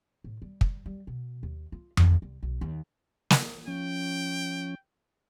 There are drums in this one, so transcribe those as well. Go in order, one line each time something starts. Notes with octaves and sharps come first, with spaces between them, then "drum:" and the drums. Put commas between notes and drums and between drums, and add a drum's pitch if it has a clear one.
A2
G3
drum: kick
G3
B2
D#2
F4
A1, drum: tom F2
C2
B1
D#2
drum: snare
F3 C#4 G5